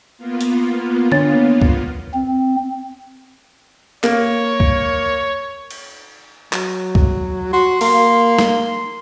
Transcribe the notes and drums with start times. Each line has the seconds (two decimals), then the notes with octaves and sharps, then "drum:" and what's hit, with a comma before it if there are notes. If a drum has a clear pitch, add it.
0.18 A#3 B3 F4
0.41 drum: hi-hat
1.12 D4 C#5 A6, drum: tom D3
1.62 drum: kick
2.14 C4
4.04 A#3 C#5, drum: clap
4.60 drum: kick
5.70 drum: cymbal
6.53 F#3, drum: clap
6.95 drum: kick
7.53 F#4 C6
7.81 A#3 C6, drum: open hi-hat
8.39 drum: snare